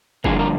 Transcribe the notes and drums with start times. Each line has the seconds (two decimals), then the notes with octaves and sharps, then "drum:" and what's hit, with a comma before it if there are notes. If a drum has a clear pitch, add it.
0.24 G2 D3 F3 A#3 G#4, drum: kick
0.39 A#4